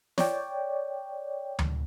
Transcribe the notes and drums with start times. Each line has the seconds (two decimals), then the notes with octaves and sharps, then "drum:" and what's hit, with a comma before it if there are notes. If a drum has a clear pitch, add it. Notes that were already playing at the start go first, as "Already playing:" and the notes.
0.18 C#5 D5 G5, drum: snare
1.59 drum: tom D2